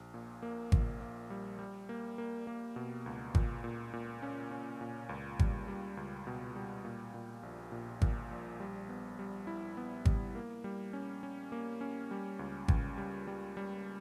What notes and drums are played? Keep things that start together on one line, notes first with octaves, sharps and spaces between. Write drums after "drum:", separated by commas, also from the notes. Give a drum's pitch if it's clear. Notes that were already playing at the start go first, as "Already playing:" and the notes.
Already playing: A#1
A#2
A#3
A#1, drum: kick G#1
A#3
G3
G3
A#3
A#3
A#3
B2
C#2
A#2, drum: kick G#1
A#2
A#2
C#4
C#4
A#2
C#2
G3, drum: kick G#1
G3
C#2
B2
G3
A#2
A#2
A#1
A#2
A#2, drum: kick G#1
A#1
G3
B3
G3
E4
B3
G3, drum: kick G#1
A#3
G3
C#4
C#4
A#3
C#4
G3
C#2
C#2, drum: kick G#1
G3
G3
G3